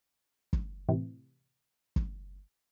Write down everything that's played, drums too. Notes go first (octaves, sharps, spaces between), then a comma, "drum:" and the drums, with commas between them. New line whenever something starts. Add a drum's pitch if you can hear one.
drum: kick
A2 C3 E3
drum: kick